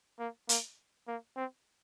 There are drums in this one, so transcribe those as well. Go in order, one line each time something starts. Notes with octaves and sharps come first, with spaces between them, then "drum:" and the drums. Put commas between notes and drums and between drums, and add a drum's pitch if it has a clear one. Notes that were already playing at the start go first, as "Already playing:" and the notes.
A#3
A#3, drum: hi-hat
A#3
C4